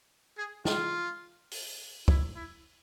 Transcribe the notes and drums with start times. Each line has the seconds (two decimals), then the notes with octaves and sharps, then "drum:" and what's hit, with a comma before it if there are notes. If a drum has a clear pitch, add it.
0.37 G#4
0.65 F4, drum: snare
1.51 drum: open hi-hat
2.08 E4, drum: kick
2.36 E4